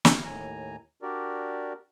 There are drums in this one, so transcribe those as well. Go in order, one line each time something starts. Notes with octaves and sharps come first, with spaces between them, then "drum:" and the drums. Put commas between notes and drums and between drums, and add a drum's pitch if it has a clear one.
drum: snare
D#2 A2 G#5 A#5
D4 F#4 G4 A#4 D5